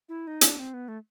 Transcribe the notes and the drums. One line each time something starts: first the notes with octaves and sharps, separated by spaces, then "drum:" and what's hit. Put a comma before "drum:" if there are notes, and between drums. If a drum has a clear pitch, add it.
E4
D#4
C#4, drum: hi-hat
D4
C4
B3
A3